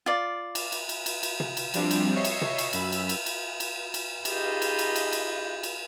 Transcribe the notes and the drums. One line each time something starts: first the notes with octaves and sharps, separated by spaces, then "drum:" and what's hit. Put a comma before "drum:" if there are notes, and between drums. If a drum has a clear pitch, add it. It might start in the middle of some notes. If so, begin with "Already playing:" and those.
F4 D5
drum: cymbal
drum: cymbal
drum: cymbal
drum: cymbal
drum: cymbal
drum: tom
drum: cymbal
F3 G3 C4 D4, drum: cymbal
drum: cymbal
C#5 D#5 E5 C#6 C7
drum: cymbal
drum: tom
drum: cymbal
F#2 B5 E6, drum: cymbal
drum: cymbal
drum: cymbal
drum: cymbal
drum: cymbal
drum: cymbal
D#4 F4 G4 G#4 B4 D#5, drum: cymbal
drum: cymbal
drum: cymbal
drum: cymbal
drum: cymbal
drum: cymbal